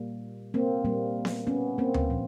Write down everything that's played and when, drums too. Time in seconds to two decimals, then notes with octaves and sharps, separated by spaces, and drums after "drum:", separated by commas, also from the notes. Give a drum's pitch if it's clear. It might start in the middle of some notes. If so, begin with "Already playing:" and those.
Already playing: A#2 G3 A#3
0.54 A#3 C4
0.85 A#2 G3 A#3
1.25 drum: snare B3
1.47 B3 C#4
1.78 A#3 C4
1.94 drum: tom D2
2.10 A#2 F3